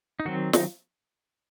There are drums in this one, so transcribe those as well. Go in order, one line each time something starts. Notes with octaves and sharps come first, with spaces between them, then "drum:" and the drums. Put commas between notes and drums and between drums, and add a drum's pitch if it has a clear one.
D#4
D#3 F#3 C4 F#4
D#4, drum: snare